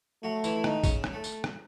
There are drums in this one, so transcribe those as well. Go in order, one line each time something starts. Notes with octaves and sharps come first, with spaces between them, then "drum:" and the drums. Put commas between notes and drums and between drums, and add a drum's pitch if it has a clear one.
F#3 A3 F#4
E3 E4, drum: tambourine
E4
D#3 D#4, drum: rim click
C#3 C#4, drum: kick A1, tambourine
drum: rim click
A3
drum: tambourine
drum: rim click